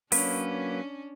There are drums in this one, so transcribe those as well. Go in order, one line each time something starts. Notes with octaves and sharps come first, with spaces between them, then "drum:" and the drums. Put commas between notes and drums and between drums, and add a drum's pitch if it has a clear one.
F#3 A#3 C#4 D4 B4, drum: open hi-hat